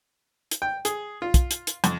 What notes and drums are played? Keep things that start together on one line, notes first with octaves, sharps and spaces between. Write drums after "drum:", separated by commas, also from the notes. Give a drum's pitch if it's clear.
drum: hi-hat
G5
G#4, drum: hi-hat
F4
drum: kick, hi-hat
drum: hi-hat
drum: hi-hat
F2, drum: hi-hat